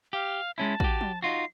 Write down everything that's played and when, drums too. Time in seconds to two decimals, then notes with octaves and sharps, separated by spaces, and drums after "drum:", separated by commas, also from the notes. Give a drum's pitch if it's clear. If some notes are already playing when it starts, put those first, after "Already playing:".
0.13 G4 F5
0.58 G#3 C#4 E4 A5
0.80 F#4 G4, drum: kick
1.01 drum: tom
1.22 D#4 F4 F#4 C7